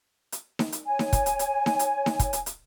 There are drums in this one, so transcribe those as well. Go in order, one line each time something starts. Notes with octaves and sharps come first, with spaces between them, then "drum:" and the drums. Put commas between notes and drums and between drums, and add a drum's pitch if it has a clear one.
drum: hi-hat
drum: snare D#4
drum: hi-hat
C#5 G#5
drum: snare D#4
drum: kick, hi-hat
drum: hi-hat
drum: hi-hat
drum: snare D#4
drum: hi-hat
drum: snare D#4
drum: kick, hi-hat
drum: hi-hat
drum: hi-hat